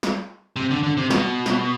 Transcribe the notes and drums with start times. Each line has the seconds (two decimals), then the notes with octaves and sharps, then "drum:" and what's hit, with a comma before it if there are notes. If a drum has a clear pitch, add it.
0.03 drum: snare
0.56 C3
0.71 D3
0.83 D3
0.97 C3
1.10 B2, drum: snare
1.46 drum: snare